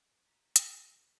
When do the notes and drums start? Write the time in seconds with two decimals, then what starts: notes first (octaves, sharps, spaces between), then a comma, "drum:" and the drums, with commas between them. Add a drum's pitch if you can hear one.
0.23 A#5 B6
0.56 B6, drum: hi-hat